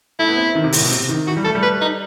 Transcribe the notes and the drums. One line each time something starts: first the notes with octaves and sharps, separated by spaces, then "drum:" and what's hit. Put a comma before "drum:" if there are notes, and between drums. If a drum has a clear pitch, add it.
A3 E4
B3
C4
D#3
C3
A2, drum: open hi-hat
B2
C3
D#3
E3 F#4
G3
A3 A4
G3
B4
D#4